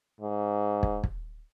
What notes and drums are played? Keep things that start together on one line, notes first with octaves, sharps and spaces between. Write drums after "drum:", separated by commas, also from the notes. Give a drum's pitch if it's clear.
G#2
drum: kick
drum: kick